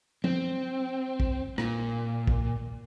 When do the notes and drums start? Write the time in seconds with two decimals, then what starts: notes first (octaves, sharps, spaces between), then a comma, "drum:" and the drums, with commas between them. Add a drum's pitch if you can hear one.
0.24 C4, drum: tom F3
1.20 drum: kick
1.58 A#2, drum: rim click
2.27 drum: kick